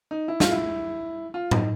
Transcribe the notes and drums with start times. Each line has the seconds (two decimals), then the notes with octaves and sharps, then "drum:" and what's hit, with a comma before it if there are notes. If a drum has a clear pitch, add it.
0.11 D#4
0.28 E4
0.40 F4, drum: snare
0.51 E4
1.34 F4
1.51 D#4, drum: tom A2